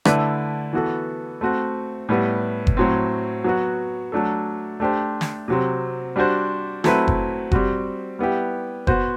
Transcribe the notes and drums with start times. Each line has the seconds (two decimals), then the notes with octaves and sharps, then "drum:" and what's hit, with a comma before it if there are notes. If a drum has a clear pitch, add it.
0.05 D3 A3 E4 B4 D5, drum: rim click
0.73 E3 B3 F#4 A4
1.41 A3 C4 F#4
2.09 A2 G3 B3
2.67 drum: kick F#1
2.77 A2 F#3 C4
3.44 F#3 B3 F#4
4.12 F#3 A3 D4 A4
4.80 A3 D4 G4 C5
5.21 drum: snare
5.48 C3 F#3 C4
6.16 G3 D4 F#4 C5
6.84 F#3 A3 C4 E4 B4, drum: snare
7.08 drum: kick F#1
7.52 G3 C4 F#4, drum: kick F#1
8.19 G3 B3 E4 G4
8.87 B3 F#4 C5, drum: kick F#1